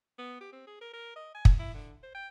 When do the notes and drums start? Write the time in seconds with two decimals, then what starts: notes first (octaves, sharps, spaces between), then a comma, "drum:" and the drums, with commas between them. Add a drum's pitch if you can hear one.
0.19 B3
0.41 G4
0.53 C4
0.67 G#4
0.81 A#4
0.93 A#4
1.16 D#5
1.35 G#5
1.45 drum: kick
1.59 E4
1.75 D3
2.03 C5
2.15 G5